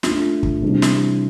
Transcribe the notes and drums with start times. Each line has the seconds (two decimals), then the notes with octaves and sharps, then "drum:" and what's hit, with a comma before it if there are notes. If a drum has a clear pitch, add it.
0.03 A3 D4 F4, drum: snare
0.43 drum: kick
0.62 C3 E3 G3 D4
0.82 drum: snare